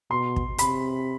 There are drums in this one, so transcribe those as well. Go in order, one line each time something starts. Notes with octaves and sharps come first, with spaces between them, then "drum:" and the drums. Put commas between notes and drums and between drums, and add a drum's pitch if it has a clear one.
B2 C6
drum: kick
C3 B5, drum: hi-hat